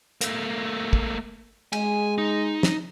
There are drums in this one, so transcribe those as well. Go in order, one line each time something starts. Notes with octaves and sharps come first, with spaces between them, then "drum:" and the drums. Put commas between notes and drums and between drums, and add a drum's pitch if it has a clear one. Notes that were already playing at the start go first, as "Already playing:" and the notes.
A3 A#3, drum: hi-hat
drum: kick
G#3 G#5, drum: cymbal
D#4
drum: snare